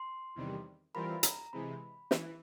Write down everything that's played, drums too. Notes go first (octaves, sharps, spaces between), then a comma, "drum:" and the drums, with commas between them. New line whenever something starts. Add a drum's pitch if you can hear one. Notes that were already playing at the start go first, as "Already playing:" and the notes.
Already playing: C6
E2 C3 D#3 G3
E3 G3 C4 F4 A#4 B5
A#5, drum: hi-hat
C3 E3 G#3 B5
E3, drum: snare